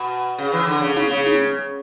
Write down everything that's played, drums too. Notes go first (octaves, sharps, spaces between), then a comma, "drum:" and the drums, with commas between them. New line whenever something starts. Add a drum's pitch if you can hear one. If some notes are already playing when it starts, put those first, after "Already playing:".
Already playing: B2
C#3
E3
D3
C#3
C#3, drum: snare
C#3
drum: snare